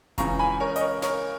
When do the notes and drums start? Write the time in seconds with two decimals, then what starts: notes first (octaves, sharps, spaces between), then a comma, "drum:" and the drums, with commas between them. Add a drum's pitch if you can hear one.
0.18 C#2 C#3 E3 A#5 C#6, drum: kick F1, hi-hat
0.39 G#5 B5
0.60 A#4 C#5
0.76 D#5, drum: hi-hat
0.81 A#4 C#5
1.02 A#4 C#5, drum: snare